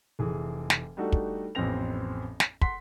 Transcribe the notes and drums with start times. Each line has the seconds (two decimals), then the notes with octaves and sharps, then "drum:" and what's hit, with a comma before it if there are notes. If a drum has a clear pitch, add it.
0.19 F1 E3 G#4
0.70 drum: snare
0.97 G3 A3 D4 D#4 F#4 A4
1.12 drum: kick
1.55 A1 F2 B3 C4 A#6 F7
2.40 drum: snare
2.61 F#5 C6 B6, drum: kick